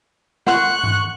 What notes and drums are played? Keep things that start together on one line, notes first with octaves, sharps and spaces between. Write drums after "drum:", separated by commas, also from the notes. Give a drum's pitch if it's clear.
F#5 C6 C#6 F#6, drum: snare
drum: tom G2